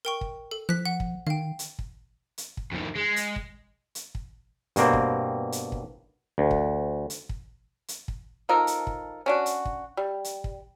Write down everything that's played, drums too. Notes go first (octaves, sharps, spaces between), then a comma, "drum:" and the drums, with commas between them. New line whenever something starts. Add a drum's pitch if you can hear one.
A#4 G5 C#6
drum: kick
A4
F3 F#6 B6
F#5
drum: kick
D#3 F5 G5
drum: hi-hat
drum: kick
drum: hi-hat
drum: kick
F2 D#3
G#3
drum: hi-hat
drum: kick
drum: hi-hat
drum: kick
G2 B2 A#3 C4, drum: hi-hat
drum: kick
drum: hi-hat
drum: kick
D2
drum: kick
drum: hi-hat
drum: kick
drum: hi-hat
drum: kick
F3 D#4 A4 A#4
drum: hi-hat
drum: kick
C#4 D4 F#4
drum: hi-hat
drum: kick
G3
drum: hi-hat
drum: kick